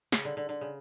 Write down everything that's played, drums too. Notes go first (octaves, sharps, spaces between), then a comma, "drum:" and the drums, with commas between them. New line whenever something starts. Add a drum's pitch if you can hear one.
C#3, drum: snare
D3
D3
D3
C#3